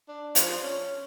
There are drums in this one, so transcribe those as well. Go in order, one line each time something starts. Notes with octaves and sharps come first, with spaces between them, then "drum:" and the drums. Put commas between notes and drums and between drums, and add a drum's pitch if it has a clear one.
D4
F3, drum: hi-hat
C#4